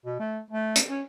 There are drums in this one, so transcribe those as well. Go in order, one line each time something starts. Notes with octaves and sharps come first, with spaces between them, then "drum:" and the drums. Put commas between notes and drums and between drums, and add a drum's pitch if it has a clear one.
B2
A3
A3
drum: hi-hat
C#4